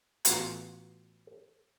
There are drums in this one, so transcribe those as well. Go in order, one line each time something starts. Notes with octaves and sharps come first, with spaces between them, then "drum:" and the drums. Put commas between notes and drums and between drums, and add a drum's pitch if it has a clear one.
A1 B3 F4 F#4 A#5, drum: hi-hat